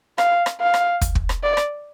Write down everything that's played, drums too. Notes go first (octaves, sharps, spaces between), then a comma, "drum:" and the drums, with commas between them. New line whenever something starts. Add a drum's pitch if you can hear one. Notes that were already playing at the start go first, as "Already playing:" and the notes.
F5, drum: rim click
drum: rim click
F5
drum: rim click
drum: kick, hi-hat
drum: kick
drum: rim click
D5
drum: rim click